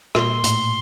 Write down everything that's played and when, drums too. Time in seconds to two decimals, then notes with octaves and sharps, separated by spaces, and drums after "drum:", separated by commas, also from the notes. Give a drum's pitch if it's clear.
0.15 A#2 C6, drum: rim click
0.44 A2, drum: hi-hat